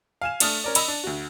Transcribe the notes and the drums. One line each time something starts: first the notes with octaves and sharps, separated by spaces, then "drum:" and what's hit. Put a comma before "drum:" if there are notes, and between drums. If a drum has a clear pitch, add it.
F5 G#5 E7
A3 D4 D#6 F6, drum: cymbal
C#4 A#4 D5
D#5 B5 E6, drum: cymbal
D4
D2 F#4